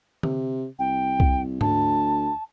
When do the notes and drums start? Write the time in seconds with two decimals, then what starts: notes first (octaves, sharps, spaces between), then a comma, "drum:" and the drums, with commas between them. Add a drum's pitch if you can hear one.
0.23 C3, drum: tom D3
0.79 C2 G5
1.20 drum: kick C2
1.61 D2 A5, drum: tom G#2